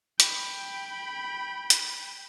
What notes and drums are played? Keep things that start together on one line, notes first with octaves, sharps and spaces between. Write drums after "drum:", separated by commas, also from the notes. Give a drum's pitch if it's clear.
G5 B5, drum: hi-hat
drum: hi-hat